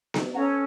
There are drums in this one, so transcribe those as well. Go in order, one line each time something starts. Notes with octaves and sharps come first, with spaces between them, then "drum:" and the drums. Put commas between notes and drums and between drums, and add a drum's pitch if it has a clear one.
drum: snare B3
C#4 A4 C#5 F#5 A#5